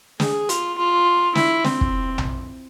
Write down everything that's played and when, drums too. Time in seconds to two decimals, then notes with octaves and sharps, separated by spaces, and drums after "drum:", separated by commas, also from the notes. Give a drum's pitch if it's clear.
0.20 G#4, drum: snare
0.49 F4, drum: hi-hat
0.78 F4
1.35 E4, drum: snare
1.64 C4, drum: snare
1.81 drum: kick
2.18 drum: tom A#1